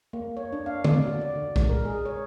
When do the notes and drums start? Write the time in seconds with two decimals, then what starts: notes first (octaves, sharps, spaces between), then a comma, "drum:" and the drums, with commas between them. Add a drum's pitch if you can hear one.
0.13 A#3
0.37 C#5
0.53 D4
0.66 F5
0.84 D5, drum: tom D3
1.07 F#4
1.21 D5
1.36 D3
1.56 G#3, drum: kick
1.69 A#4
1.85 G#4
2.05 C#5